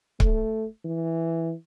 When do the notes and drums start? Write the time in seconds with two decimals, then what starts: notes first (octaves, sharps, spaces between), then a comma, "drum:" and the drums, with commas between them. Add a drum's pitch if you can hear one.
0.20 A3, drum: kick C#1
0.84 E3